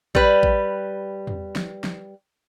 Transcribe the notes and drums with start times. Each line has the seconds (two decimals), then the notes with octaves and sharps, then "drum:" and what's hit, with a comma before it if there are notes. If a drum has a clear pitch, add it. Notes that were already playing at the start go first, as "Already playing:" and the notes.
0.15 G3 B4, drum: kick A1
0.43 drum: kick A1
1.27 drum: tom
1.56 drum: snare
1.84 drum: snare